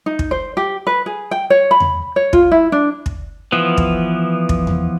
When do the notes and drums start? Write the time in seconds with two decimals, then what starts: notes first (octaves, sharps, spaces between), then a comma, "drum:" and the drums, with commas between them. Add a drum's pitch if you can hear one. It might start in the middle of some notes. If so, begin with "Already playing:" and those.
0.06 D#4
0.19 drum: kick
0.31 C5
0.57 G4
0.87 B4
1.06 G#4
1.31 G5
1.50 C#5
1.71 B5
1.80 drum: tom E2
2.16 C#5
2.33 F4, drum: kick
2.52 E4
2.72 D4
3.06 drum: kick
3.52 E3 F3 B3
3.77 drum: kick
4.49 drum: kick
4.67 drum: tom E2